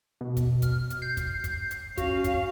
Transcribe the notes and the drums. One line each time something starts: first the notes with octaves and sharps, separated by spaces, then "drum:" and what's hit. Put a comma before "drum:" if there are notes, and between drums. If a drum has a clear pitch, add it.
B2
drum: kick, hi-hat
F6, drum: kick, hi-hat
drum: hi-hat
G6 C7
drum: kick, hi-hat
drum: kick, hi-hat
drum: hi-hat
C#4 F#4 F5, drum: kick, hi-hat
drum: kick, hi-hat